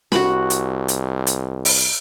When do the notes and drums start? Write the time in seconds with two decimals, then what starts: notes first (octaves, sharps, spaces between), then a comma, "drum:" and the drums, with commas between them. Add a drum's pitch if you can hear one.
0.12 C2 F#4 B5, drum: snare
0.50 drum: hi-hat
0.88 drum: hi-hat
1.27 drum: hi-hat
1.65 drum: open hi-hat